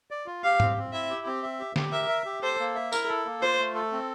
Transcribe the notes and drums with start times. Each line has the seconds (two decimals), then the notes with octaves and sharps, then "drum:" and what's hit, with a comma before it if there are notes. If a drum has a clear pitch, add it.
0.11 D5
0.26 F4
0.43 G4 F5
0.60 C4, drum: tom G#2
0.77 C4
0.93 E4 E5
1.10 G4
1.26 C4
1.43 E5
1.59 G4
1.76 G4, drum: snare
1.92 A#4 E5
2.09 E5
2.25 G4
2.42 A4 C5
2.60 A#3
2.75 E5
2.92 E4 A#4, drum: tambourine
3.09 A4
3.25 A#3
3.41 F4 C5
3.59 A3
3.75 A4
3.92 C4